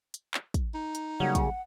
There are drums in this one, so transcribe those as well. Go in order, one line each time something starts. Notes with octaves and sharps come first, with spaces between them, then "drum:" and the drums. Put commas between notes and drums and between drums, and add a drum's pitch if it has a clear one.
drum: hi-hat
drum: clap
drum: kick, hi-hat
D#4
drum: hi-hat
C#3 F#3 G3 A#3 F#5
drum: kick, hi-hat